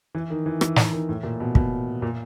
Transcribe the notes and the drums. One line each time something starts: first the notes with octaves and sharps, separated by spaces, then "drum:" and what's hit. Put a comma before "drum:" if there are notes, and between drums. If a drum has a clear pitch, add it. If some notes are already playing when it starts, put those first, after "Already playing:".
E3
D#3
E3
E3, drum: rim click
E3, drum: snare
D#3
A2
A#2
B2
B2, drum: kick
A#2